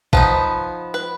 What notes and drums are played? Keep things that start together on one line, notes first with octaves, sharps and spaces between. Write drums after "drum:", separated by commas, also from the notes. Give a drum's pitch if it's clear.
F3 B3 D#4 B4, drum: kick A1
B4